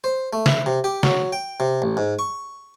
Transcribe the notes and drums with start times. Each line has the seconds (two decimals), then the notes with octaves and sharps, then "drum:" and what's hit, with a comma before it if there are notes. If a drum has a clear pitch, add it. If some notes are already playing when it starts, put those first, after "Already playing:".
0.04 C5
0.33 A3
0.46 E4, drum: snare
0.66 C3
0.84 G4
1.03 F#3, drum: snare
1.33 G5
1.60 C3
1.82 A1
1.97 G#2
2.19 C#6